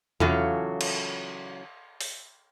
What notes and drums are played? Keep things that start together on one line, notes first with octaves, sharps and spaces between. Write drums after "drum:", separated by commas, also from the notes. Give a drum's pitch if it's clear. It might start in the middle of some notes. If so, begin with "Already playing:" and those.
C#3 E3 F#3 C#4 F4 A4, drum: tom E2
drum: cymbal
drum: open hi-hat